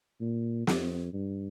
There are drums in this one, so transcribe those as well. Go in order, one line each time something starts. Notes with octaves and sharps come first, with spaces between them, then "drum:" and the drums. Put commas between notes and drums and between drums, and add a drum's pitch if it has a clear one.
A#2
F2, drum: snare
G2